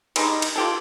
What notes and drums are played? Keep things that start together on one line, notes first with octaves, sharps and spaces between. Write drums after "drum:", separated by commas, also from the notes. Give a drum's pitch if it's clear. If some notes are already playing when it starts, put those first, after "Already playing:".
G3 G#3 D#4, drum: cymbal
drum: cymbal
F4 G4 A4